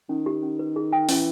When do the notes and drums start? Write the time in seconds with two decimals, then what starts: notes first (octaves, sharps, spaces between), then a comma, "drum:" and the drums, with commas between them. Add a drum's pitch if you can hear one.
0.09 D#3 C#4
0.26 G4
0.42 C#4
0.59 B4
0.76 G#4
0.93 G5
1.09 E3 C#4, drum: open hi-hat